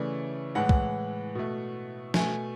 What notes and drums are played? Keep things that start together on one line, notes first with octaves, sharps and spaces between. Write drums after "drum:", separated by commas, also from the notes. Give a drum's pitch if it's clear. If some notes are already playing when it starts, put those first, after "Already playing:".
Already playing: C#3 E3 A3 D5
A2 E3 G#3 F#5
drum: kick
B2 A3
B2 A3 G#5, drum: snare